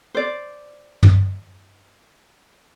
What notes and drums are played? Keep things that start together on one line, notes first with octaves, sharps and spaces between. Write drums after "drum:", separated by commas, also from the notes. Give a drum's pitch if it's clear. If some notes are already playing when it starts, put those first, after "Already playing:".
C5 D5
drum: tom